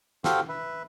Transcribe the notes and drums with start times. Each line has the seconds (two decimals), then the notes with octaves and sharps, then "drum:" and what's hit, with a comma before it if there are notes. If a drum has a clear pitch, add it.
0.24 F#4 G4 A4 C5 F5 G5, drum: snare
0.49 B4 E5